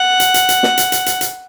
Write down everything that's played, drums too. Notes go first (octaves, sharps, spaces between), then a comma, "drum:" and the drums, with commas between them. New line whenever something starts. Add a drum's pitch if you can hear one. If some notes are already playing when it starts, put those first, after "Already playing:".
Already playing: F#5
drum: hi-hat
drum: hi-hat
drum: hi-hat
drum: snare
drum: hi-hat
drum: hi-hat
drum: hi-hat
drum: hi-hat